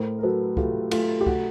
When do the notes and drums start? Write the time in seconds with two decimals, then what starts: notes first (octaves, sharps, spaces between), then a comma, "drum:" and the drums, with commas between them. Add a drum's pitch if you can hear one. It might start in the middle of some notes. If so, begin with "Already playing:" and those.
Already playing: A2 A#4 C5
0.19 A#4
0.23 F#3 A4 B4
0.57 A3 F4 G4, drum: kick C#2
0.91 A3 F4, drum: cymbal
1.21 G4
1.27 F#4, drum: kick C#2